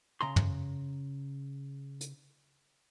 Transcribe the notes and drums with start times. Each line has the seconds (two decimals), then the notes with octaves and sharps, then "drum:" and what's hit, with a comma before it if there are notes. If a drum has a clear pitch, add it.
0.21 C#3 A#5 C6
0.36 drum: tom
2.01 drum: hi-hat